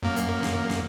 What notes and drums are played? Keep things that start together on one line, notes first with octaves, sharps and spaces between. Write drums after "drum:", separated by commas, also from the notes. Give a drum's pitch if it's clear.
F#2 A#3
drum: hi-hat
drum: snare
drum: snare